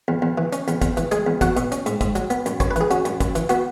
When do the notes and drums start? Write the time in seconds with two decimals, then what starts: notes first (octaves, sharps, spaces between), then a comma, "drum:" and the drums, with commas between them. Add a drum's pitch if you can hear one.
0.08 E2
0.22 E2
0.38 E3
0.53 C#4, drum: hi-hat
0.68 E2, drum: hi-hat
0.82 E2, drum: kick, hi-hat
0.97 E3, drum: hi-hat
1.11 G#3 G#4 G#5, drum: hi-hat
1.27 E2
1.41 E2 F#4 F#5, drum: kick, hi-hat
1.57 B2, drum: hi-hat
1.72 C#4, drum: hi-hat
1.86 G#2, drum: hi-hat
2.01 G#2, drum: kick, hi-hat
2.15 F#3, drum: hi-hat
2.30 B3, drum: hi-hat
2.46 F#2, drum: hi-hat
2.60 F#2 C#5, drum: kick, hi-hat
2.71 B4
2.76 E3 G#4, drum: hi-hat
2.91 C#4 F#4, drum: hi-hat
3.05 F#2, drum: hi-hat
3.21 F#2, drum: kick, hi-hat
3.35 E3, drum: hi-hat
3.49 B3 F#4, drum: hi-hat